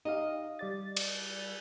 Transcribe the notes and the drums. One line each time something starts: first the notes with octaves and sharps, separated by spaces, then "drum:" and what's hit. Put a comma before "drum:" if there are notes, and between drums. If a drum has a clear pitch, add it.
D#4 G4 D#5 F5
G3 D5 A6
drum: cymbal